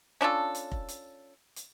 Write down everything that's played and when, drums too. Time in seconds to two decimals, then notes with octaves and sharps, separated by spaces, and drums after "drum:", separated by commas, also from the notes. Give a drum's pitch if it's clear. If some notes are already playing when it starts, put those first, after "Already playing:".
0.21 C#4 D4 F4 A4
0.55 drum: hi-hat
0.72 drum: kick F1
0.88 drum: hi-hat
1.56 drum: hi-hat